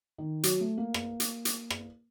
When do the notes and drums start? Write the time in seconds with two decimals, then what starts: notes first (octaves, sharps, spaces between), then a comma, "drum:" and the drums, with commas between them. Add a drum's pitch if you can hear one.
0.18 D#3
0.43 F#3, drum: hi-hat
0.60 A3
0.78 A#3
0.94 drum: rim click
1.20 drum: hi-hat
1.45 drum: hi-hat
1.70 drum: rim click